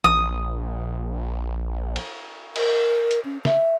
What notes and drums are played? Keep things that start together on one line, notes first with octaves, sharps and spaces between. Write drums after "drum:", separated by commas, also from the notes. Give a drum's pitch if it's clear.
A#1 D#6, drum: tom E3
drum: cymbal
A#4, drum: cymbal
drum: hi-hat
C#4
E5, drum: snare